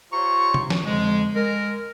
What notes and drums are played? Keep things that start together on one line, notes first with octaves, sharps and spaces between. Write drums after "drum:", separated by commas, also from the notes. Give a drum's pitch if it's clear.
F4 G4 C5 C#5 A#5 C#6
drum: tom C3
drum: snare
F2 D3 F3 G#3
G#3 A#4